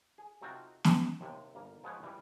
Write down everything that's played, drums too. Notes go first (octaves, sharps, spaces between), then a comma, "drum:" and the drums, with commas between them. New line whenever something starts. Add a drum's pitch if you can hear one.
G#4
C3 A3 C4 D#4 F4 F#4
drum: snare
D#2 C3
G1 A#3 A#5
F3 G#3 B3 G#4 C5 C#5
C#2 E3 G3